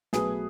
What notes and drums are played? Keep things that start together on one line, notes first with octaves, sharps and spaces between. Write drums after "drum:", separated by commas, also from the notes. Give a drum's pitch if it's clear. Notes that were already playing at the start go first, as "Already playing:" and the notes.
B1 B2 F#3 A3 G#4 B4, drum: snare